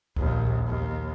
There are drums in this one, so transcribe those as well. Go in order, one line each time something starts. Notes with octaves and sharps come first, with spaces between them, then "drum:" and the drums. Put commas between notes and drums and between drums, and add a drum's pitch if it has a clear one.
A#1 D#2, drum: kick C#2
D#2